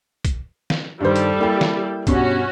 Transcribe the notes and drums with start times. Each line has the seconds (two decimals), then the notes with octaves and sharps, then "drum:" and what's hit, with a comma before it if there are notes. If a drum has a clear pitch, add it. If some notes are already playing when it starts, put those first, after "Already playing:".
0.25 drum: kick, hi-hat
0.70 drum: snare
1.01 G2 D#3 G3 A4 C5
1.16 drum: hi-hat
1.38 A#3 E4 G5
1.61 drum: snare
2.07 G2 B2 C#4 F#4, drum: kick, hi-hat